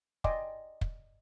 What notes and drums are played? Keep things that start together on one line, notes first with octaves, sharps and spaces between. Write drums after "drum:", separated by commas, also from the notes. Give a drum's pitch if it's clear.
D5 D#5 G5 G#5 C6 D6, drum: kick
drum: kick